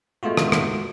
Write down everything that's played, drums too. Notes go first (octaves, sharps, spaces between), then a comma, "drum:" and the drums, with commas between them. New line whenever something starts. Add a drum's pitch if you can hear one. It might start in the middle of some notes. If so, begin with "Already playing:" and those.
G#3 A3 B3 F4 F#4
drum: rim click
drum: rim click